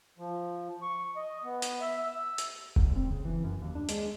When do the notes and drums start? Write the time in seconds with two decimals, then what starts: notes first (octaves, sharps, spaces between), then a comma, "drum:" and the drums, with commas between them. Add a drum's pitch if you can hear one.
0.18 F3
0.82 C#6
1.16 D#5
1.44 B3
1.62 drum: hi-hat
1.81 E5
2.03 E6
2.38 drum: hi-hat
2.76 C2, drum: kick F1
2.96 C4
3.10 C#3
3.25 E3
3.44 F#2
3.62 D#2
3.75 D4
3.89 G#3, drum: hi-hat